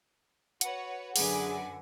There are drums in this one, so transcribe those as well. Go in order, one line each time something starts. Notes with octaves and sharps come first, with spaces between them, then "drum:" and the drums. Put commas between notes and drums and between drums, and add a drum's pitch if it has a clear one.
F#4 B4 C#5 F#5, drum: hi-hat
F#2 D3 G#4 B4 G#5 D6, drum: open hi-hat